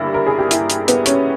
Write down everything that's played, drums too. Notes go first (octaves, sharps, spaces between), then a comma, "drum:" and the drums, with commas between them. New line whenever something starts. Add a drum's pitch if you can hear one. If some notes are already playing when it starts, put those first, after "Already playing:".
Already playing: G1 G2 G3 A#3 E4
A#4
G#4
G4
E4, drum: hi-hat
drum: hi-hat
B3, drum: hi-hat
C#4, drum: hi-hat